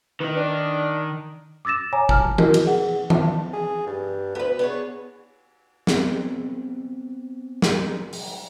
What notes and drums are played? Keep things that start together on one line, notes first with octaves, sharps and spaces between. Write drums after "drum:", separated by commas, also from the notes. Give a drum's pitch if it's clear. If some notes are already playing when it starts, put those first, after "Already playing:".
D#3 D#4 B4
D4
D6 E6 A6 A#6 E7
C#5 G#5 A#5 D6
G#5 A5 F6, drum: kick
E4 F#4 A#4 D#5, drum: tom
drum: cymbal
G#4 F#5
A5, drum: tom D#3
G#4
G2
D2 B3 B4
B3 D4 G#4 C#5
B3 C4, drum: snare
drum: snare
drum: open hi-hat